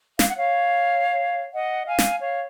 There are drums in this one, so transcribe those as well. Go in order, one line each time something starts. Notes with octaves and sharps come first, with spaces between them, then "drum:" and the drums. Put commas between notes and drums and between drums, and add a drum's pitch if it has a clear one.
F5, drum: snare
F#5
C#5 F5
D#5 F#5
F5 G#5
drum: snare
C#5 F5